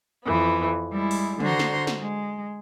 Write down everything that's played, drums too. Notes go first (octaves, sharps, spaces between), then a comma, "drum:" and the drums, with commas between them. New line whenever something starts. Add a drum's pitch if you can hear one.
F2 E3 B3
G3 G#3 E4
drum: open hi-hat
D3 F#4 C5 A#5 C6, drum: tom
drum: snare
drum: snare
G#3